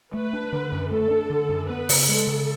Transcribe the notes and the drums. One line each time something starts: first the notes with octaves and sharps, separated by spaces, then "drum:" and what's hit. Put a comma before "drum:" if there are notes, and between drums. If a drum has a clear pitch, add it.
A3 B4
D4
D3
F#2
A3 A4
D4
D3
F#2
B3 B4
C#3, drum: open hi-hat
G#3 A4
C#3